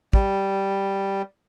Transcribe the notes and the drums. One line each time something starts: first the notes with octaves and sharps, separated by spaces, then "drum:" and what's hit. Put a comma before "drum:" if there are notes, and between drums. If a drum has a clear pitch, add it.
G3, drum: kick